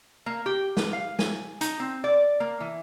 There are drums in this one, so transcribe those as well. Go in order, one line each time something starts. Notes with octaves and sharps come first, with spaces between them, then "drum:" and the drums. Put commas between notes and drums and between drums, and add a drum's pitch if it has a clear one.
A#3
G4
B4, drum: snare
F5
G#5, drum: snare
D#4, drum: hi-hat
C4
D5
A#3
E3